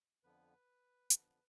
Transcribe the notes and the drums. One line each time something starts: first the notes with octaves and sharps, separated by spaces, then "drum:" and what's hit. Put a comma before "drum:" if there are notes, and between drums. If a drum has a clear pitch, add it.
F2 D3 F3 B3 B4
F2 D3 F3 B3, drum: hi-hat